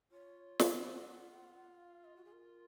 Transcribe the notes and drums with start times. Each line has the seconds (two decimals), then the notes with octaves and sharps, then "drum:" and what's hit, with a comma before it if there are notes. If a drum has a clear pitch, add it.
0.11 F4 C#5
0.59 drum: snare
0.94 F#5
1.77 F5
2.05 D#5
2.16 F#4
2.25 G#4
2.33 A#4